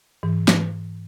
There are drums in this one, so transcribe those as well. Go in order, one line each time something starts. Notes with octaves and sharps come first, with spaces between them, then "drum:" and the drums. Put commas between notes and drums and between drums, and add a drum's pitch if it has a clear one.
G#2 E3
drum: snare